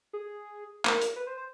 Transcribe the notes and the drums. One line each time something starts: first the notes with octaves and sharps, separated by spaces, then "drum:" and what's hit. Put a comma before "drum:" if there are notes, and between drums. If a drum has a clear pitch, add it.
G#4
A#4, drum: clap
drum: hi-hat
B4
C5
C5